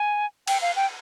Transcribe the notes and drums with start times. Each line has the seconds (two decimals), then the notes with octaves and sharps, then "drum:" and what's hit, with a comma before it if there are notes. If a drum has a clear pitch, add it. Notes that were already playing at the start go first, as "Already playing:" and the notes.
Already playing: G#5
0.47 G5, drum: cymbal
0.62 F5
0.76 G5